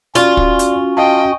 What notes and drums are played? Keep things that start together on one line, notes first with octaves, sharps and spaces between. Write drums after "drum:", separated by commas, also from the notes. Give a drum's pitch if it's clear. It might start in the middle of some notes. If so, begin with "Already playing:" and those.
C#4 F4 F#4 D5 F5, drum: hi-hat
drum: kick
drum: hi-hat
D#5 F5 G5 A5